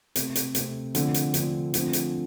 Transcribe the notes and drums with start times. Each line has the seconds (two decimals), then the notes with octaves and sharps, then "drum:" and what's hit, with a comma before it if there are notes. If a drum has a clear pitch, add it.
0.16 C3 A3 C4, drum: hi-hat
0.35 drum: hi-hat
0.55 C3 A3 C4, drum: hi-hat
0.95 D3 F3 A3 C4, drum: hi-hat
1.14 drum: hi-hat
1.34 D3 F3 A3 C4, drum: hi-hat
1.74 D3 F3 A3 C4, drum: hi-hat
1.93 drum: hi-hat